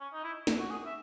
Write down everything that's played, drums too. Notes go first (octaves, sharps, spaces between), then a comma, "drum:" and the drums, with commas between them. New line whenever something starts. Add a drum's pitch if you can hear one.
C#4
D#4
E4
drum: snare
F#4
G#4
E5